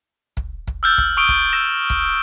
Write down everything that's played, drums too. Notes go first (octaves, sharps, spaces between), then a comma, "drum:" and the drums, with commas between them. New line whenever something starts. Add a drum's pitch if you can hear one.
drum: kick
drum: kick
E6 F6 G6 A6
drum: kick
C#6 D#6 E6 D7 G7
drum: kick
E6 A#6 E7
drum: kick